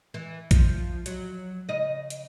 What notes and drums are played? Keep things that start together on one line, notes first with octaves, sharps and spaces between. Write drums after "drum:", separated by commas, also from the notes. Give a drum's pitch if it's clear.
E3
F3, drum: kick A#1, hi-hat
F#3, drum: hi-hat
C#3 D#5
drum: hi-hat